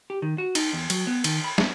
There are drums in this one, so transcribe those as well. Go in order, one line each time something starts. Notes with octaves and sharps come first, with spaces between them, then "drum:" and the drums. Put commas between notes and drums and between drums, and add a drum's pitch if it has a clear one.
G4
D#3
F#4
D#4, drum: cymbal
E2
F#3, drum: cymbal
B3
D#3, drum: cymbal
B5
B3, drum: snare